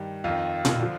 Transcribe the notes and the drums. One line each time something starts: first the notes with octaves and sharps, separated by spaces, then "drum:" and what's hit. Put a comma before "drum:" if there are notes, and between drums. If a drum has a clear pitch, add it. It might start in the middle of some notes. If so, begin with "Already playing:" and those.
Already playing: G2 D#3
F2 D#3 F4
drum: tom A#2
D3 F3